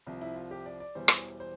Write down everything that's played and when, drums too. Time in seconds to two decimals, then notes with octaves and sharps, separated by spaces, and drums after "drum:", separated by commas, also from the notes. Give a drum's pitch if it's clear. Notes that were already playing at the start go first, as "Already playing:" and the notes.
0.07 C2 C3 F3
0.21 E4
0.36 F4
0.51 G4
0.66 D5
0.80 D5
0.95 E1 E2 E3 G3 C5
1.08 drum: rim click
1.40 C5